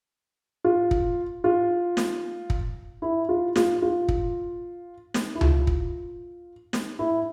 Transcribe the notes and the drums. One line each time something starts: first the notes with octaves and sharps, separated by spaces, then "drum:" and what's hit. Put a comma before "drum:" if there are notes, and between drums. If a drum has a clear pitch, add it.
F4
drum: kick
F4
drum: snare
drum: kick
E4
F4
F4, drum: snare
F4
drum: kick
drum: snare
E4
F4, drum: tom C#2
drum: kick
drum: snare
E4